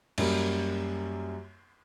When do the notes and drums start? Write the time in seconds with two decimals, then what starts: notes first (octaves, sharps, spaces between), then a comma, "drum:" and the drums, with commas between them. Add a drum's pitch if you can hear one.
0.18 F#2 G3 A#3, drum: cymbal